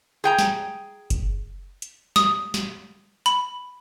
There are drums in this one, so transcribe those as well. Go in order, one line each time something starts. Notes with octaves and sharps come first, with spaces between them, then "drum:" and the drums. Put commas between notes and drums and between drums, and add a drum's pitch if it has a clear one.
G#4 G5 A#5
drum: snare
drum: kick F#1, hi-hat
drum: hi-hat
D#6, drum: snare
drum: snare
B5, drum: hi-hat